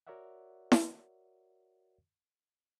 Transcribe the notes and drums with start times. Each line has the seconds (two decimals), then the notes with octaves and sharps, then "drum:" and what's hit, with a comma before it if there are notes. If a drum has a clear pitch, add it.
0.07 F#4 A#4 C#5 D5 E5 F#5
0.72 drum: snare E4